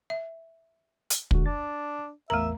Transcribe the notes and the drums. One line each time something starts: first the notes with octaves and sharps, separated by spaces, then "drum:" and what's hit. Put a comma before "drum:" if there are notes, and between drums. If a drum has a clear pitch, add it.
E5
drum: hi-hat
D3 G#3 F#4, drum: kick
D4 A6
A1 E2 A3 A#4 E5 A#5